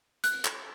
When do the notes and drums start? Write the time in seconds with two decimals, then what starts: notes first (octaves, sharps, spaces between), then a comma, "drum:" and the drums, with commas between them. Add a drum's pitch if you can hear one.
0.24 F#6, drum: hi-hat
0.45 drum: clap